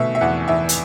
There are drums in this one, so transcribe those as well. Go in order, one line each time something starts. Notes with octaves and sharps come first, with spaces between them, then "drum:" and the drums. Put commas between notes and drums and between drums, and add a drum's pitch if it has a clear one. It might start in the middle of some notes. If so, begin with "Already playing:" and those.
Already playing: B2 A3 E5
E5
E2 F#5
E2 E5
drum: hi-hat